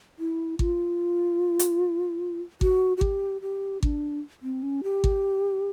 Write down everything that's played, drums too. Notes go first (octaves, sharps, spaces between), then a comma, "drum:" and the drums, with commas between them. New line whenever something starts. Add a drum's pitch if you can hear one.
E4
F4, drum: kick G#1
drum: hi-hat
F#4, drum: kick G#1
F#4
G4, drum: kick G#1
G4
D4, drum: kick G#1
C4
C#4
G4
drum: kick G#1